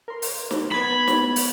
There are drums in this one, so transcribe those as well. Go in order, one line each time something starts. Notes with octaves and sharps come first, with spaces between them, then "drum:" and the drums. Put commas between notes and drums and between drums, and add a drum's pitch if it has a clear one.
A#4 C6
drum: open hi-hat
drum: snare
B3 B5 G#6 A6
drum: snare
drum: open hi-hat